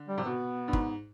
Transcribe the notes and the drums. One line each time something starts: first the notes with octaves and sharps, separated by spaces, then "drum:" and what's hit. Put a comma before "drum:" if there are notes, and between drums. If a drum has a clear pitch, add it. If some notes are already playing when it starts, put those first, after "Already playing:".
Already playing: D3
G3
C3
B2 B3
G2
G#2, drum: kick